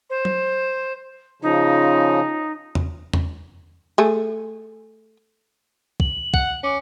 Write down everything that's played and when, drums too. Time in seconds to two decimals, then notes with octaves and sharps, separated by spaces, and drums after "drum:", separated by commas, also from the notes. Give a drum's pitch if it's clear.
0.10 C5
0.25 drum: tom F#3
1.42 C#3 F3 D#4
2.75 drum: tom E2
3.13 drum: tom E2
3.98 A3 G#4
6.00 F#7, drum: kick
6.34 F#5, drum: kick
6.63 C#4 D6